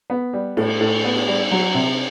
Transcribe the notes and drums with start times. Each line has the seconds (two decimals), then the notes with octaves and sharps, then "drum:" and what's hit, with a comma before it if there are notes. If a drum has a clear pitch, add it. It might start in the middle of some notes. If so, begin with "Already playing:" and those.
0.10 B3
0.33 G3
0.57 A2, drum: cymbal
0.81 A2
1.04 B3
1.15 drum: cymbal
1.28 G3
1.51 F#3
1.74 C3